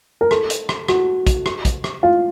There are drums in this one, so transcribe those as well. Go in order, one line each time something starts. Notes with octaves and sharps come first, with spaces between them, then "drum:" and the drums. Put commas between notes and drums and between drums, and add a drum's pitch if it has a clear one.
A#4
A4, drum: rim click
drum: hi-hat
drum: rim click
F#4, drum: rim click
drum: kick, hi-hat
drum: rim click
drum: kick, hi-hat
drum: rim click
F4